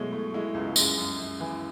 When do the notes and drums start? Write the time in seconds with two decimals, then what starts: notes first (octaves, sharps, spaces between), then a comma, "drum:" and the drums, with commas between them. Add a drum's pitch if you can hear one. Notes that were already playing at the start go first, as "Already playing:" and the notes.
Already playing: B2 F#3 G#3 A3 E4
0.12 A3
0.34 G#3 E4
0.54 C#2
0.76 F#2 G#3, drum: tambourine
0.98 F#2
1.19 F#2
1.40 E3